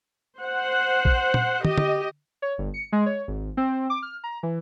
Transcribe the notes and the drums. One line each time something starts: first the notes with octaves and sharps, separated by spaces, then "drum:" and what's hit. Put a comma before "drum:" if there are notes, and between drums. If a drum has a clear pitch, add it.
C5 F#5
drum: kick A#1
drum: tom
G4 D#5, drum: tom
drum: tom
C#5
G1
C#7
G#3
C#5
G#1
C4
D6
F6
A#5
E3